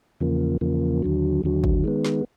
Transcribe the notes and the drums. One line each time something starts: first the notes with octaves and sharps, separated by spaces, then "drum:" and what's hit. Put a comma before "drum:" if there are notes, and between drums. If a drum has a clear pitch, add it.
E2 C#3 F3 A#3
E2 C#3 F3 A#3
D#2 D3 F#3
D#2 D3 F#3
drum: kick
D#3 G#3 B3
drum: snare